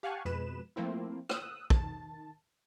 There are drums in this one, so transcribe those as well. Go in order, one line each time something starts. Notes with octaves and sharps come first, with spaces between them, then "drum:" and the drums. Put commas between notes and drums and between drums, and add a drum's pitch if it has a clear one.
G4 F5 F#5 G#5 A5 C#6
F2 B2 G#3 B4 E7
F3 A3 A#3 C4 E4
D#6 E6 F#6, drum: rim click
D#3 A5, drum: kick